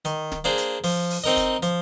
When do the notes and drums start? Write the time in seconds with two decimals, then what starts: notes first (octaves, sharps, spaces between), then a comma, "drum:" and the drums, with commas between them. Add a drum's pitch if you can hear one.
0.05 D#3, drum: hi-hat
0.32 drum: snare
0.44 A#3 D4 G#4 C5
0.58 drum: hi-hat
0.84 F3, drum: open hi-hat
1.10 drum: open hi-hat
1.24 C4 D#4 A#4 D#5
1.37 drum: kick, hi-hat
1.63 F3, drum: hi-hat